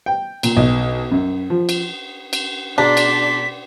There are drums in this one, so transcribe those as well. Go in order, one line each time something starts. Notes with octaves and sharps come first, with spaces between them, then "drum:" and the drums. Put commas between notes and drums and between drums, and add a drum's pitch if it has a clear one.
G5
A#2, drum: cymbal
B1
F#2
F3
drum: cymbal
drum: cymbal
B2 D4 G#4 D5 A#5 C6 B6
drum: cymbal